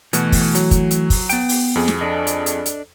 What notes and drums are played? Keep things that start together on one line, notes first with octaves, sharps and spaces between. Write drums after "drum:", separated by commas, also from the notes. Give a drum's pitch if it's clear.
B2 E3 A3 F#4, drum: hi-hat
drum: kick, open hi-hat
F#3, drum: hi-hat
drum: kick, hi-hat
drum: hi-hat
drum: kick, open hi-hat
B3 G5, drum: hi-hat
drum: open hi-hat
F2 G#4
drum: snare
D4 A4 D#5
drum: hi-hat
drum: hi-hat
drum: hi-hat